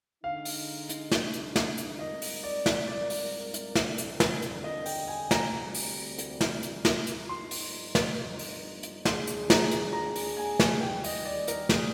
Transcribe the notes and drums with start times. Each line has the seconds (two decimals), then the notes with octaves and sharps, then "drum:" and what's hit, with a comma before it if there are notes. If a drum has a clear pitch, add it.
0.23 D3 G#3 D#4 F5
0.45 drum: open hi-hat
0.89 drum: hi-hat
1.11 drum: snare
1.34 drum: hi-hat
1.56 drum: snare
1.78 drum: hi-hat
1.99 G#2 G3 C4 F4 A#4 D#5
2.22 drum: open hi-hat
2.44 D5
2.66 drum: snare
2.88 D5
3.10 drum: open hi-hat
3.54 drum: hi-hat
3.75 G1 F2 D3, drum: snare
3.98 drum: hi-hat
4.20 drum: snare
4.42 drum: hi-hat
4.64 D#5
4.86 G5, drum: open hi-hat
5.08 G#5
5.31 A#5, drum: snare
5.52 D2 C3 G3
5.74 drum: open hi-hat
6.19 drum: hi-hat
6.41 drum: snare
6.63 drum: hi-hat
6.85 drum: snare
7.07 drum: hi-hat
7.29 G1 G2 F3 A#3 D#4 C6
7.51 drum: open hi-hat
7.95 drum: snare
8.39 drum: open hi-hat
8.83 drum: hi-hat
9.05 D#2 D#3 G#3 D4 G#4 C6, drum: snare
9.27 drum: hi-hat
9.50 A#5, drum: snare
9.71 drum: hi-hat
9.93 A#5
10.15 drum: open hi-hat
10.37 G#5
10.60 drum: snare
10.81 D#2 D#3 G3 G5
11.04 D#5, drum: open hi-hat
11.25 D5
11.48 A#4, drum: hi-hat
11.69 G#4, drum: snare